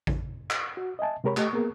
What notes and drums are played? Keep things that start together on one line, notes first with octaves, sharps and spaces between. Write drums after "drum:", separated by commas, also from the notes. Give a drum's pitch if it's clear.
drum: kick A1
drum: clap
F#4
D#5 E5 G#5 A5
C3 G#3 G4 A#4 C#5 B5
A3 G4 A4 D#5, drum: clap
A#3 B3 G#4 A#4